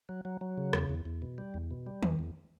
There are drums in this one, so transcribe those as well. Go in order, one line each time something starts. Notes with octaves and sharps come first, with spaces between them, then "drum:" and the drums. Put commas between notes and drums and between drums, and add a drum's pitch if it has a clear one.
F#3
F#3
F#3
C#3
E2, drum: rim click
E2
E2
B2
G3
E2
B2
G3
E2, drum: tom D#3
E2